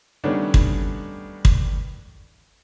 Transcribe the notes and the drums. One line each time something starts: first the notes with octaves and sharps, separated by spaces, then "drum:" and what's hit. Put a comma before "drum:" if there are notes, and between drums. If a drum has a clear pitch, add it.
D#3 G3 A3 B3 C#4 D4
drum: kick
drum: kick